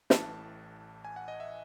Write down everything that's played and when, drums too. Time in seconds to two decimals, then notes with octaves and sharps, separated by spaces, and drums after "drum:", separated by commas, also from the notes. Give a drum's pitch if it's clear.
0.10 A1 A2 E3 A5, drum: snare
1.05 G#5
1.16 F#5
1.28 D#5
1.40 E5